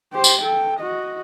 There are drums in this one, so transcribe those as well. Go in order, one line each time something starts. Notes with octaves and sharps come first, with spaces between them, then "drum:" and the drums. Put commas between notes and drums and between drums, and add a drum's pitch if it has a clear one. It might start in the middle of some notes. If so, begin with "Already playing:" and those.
G4 C5
drum: tambourine
A4 G5
F#4 D#5